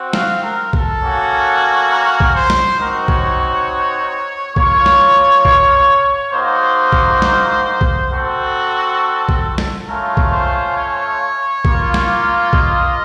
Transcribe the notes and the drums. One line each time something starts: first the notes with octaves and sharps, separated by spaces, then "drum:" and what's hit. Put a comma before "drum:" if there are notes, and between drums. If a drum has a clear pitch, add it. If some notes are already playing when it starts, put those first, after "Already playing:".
Already playing: C4 F#4
F5, drum: snare
A#4
A4, drum: kick B1
A#3 C#4 F#4
A#4
drum: kick B1
C5
drum: snare
C4 D#4 F#4 A#4
C#5, drum: kick B1
C#5
A#3 F4 C#5, drum: kick B1
drum: snare
drum: kick B1
A#3 D#4 F#4 C5
drum: kick B1
drum: snare
drum: kick B1
C4 F#4 A4
drum: kick B1
drum: snare
A3 C#4 F4 A#4
drum: kick B1
C5
C#5
A#3 F4, drum: kick B1
drum: snare
D#5, drum: kick B1